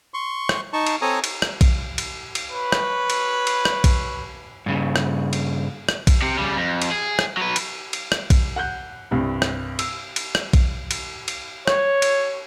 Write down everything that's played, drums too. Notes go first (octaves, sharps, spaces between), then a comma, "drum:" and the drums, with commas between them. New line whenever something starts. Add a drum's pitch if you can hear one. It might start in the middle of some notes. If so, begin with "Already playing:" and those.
C6 C#6
drum: rim click
D#4 A5 C#6
drum: cymbal
C4 A4 C#5 G#5 A#5 D#6
drum: cymbal
drum: rim click
drum: kick, cymbal
drum: cymbal
drum: cymbal
B4 C#5
drum: rim click
drum: cymbal
drum: cymbal
drum: rim click
drum: kick, cymbal
G2 C#3
drum: rim click
drum: cymbal
drum: rim click
drum: kick, cymbal
C3
C#3 G3
F2
drum: cymbal
G#4
drum: rim click
F#3 B4
drum: cymbal
drum: cymbal
drum: rim click
drum: kick, cymbal
F#5 F#6 G6
C2 G2 C3
drum: rim click
E6, drum: cymbal
drum: cymbal
drum: rim click
drum: kick, cymbal
drum: cymbal
drum: cymbal
C#5, drum: rim click
drum: cymbal